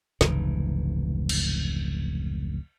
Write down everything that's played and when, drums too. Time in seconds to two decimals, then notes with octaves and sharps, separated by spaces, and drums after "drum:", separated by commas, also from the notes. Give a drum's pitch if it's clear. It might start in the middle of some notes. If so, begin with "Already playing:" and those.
0.21 F1 C#2 G#2 E3, drum: snare
1.29 drum: cymbal